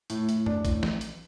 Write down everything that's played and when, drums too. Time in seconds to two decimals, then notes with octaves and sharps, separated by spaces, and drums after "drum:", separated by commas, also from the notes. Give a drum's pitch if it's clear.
0.10 A2, drum: hi-hat
0.29 A2, drum: hi-hat
0.46 D4, drum: tom F2
0.65 A2, drum: kick, hi-hat
0.83 drum: snare
1.01 drum: hi-hat